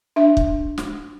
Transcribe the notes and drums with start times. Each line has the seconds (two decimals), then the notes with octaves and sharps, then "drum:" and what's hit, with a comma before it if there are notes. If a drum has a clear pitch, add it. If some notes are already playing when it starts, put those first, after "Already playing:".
0.16 D4 E5
0.37 drum: kick
0.78 drum: snare